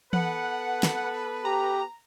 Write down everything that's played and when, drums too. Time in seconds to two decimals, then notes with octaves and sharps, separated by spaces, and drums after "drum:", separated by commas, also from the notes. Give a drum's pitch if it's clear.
0.13 B3 A4 B4 F#5, drum: tom E3
0.83 drum: snare
1.45 G4 A#5